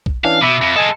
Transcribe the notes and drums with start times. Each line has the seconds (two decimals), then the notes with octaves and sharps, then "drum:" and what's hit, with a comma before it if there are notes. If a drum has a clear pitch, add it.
0.06 drum: kick
0.24 E3 C#4 D4 F5
0.41 B2 E5 B5 D6
0.62 F2
0.76 G#3 A4 D#5 G#5 A5